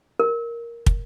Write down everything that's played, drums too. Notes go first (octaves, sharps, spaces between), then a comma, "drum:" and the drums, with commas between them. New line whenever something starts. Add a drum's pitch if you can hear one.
A#4
drum: kick